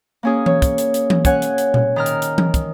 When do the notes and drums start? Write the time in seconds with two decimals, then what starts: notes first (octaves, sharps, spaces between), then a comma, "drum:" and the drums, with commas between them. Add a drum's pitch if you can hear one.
0.23 A#3 C#4 G#4
0.46 C#5, drum: tom E3
0.62 drum: kick, hi-hat
0.78 drum: hi-hat
0.94 drum: hi-hat
1.10 drum: tom E3
1.25 C#4 C#5 F#5 G#5, drum: kick, hi-hat
1.42 drum: hi-hat
1.58 drum: hi-hat
1.74 drum: tom A#2
1.96 D#3 A#5 F6
2.06 drum: hi-hat
2.22 drum: hi-hat
2.38 drum: tom E3
2.54 drum: kick, hi-hat